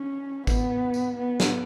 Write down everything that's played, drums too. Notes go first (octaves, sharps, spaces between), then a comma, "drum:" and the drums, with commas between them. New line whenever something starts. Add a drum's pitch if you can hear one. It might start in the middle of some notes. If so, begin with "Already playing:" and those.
Already playing: C#4
B3, drum: kick G#1, tambourine
drum: tambourine
B3
drum: snare